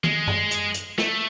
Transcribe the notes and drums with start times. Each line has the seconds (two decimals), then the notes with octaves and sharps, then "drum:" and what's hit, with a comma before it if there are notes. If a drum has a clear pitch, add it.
0.04 G#3, drum: tom D#3
0.28 drum: tom F#2
0.51 drum: hi-hat
0.74 drum: hi-hat
0.98 A3, drum: snare